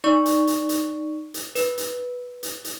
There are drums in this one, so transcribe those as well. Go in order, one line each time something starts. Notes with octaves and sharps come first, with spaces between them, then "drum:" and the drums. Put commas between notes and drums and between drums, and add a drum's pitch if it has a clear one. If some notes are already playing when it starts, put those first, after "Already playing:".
D#4 D5 C#6
drum: hi-hat
drum: hi-hat
drum: hi-hat
drum: hi-hat
B4, drum: hi-hat
drum: hi-hat
drum: hi-hat
drum: hi-hat